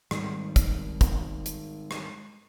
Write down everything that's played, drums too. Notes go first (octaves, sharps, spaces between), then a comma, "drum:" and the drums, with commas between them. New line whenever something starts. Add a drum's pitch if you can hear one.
G#2 D#3 G3, drum: rim click
drum: kick, hi-hat
drum: kick, hi-hat
drum: hi-hat
drum: rim click